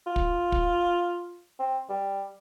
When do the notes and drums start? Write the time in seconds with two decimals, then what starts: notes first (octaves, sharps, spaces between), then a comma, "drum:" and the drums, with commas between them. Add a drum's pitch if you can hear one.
0.07 F4
0.16 drum: kick
0.52 drum: kick
1.60 C4
1.89 G3